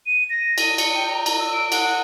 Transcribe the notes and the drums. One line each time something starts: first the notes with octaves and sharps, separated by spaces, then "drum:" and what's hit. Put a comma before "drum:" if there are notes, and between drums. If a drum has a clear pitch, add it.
D#7
A#6
D#7, drum: cymbal
C#7, drum: cymbal
G5
A#5
drum: cymbal
E6
D7
F#5, drum: cymbal